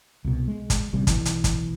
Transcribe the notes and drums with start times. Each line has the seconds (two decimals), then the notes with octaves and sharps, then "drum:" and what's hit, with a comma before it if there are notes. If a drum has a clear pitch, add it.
0.24 C2 B2
0.48 G#3
0.70 drum: kick, hi-hat
0.93 A1 C3 G3
1.07 B1 E3, drum: kick, hi-hat
1.25 drum: hi-hat
1.44 drum: kick, hi-hat